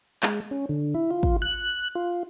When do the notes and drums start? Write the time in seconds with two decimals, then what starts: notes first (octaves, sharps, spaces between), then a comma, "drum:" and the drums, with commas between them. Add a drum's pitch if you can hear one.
0.23 G#3, drum: clap
0.51 C#4
0.69 D3
0.94 E4
1.11 F4
1.23 drum: kick
1.42 F#6
1.95 F4